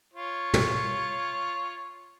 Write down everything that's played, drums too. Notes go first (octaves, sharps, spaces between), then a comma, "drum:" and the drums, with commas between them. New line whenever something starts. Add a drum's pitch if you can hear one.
F4 C#5
drum: tom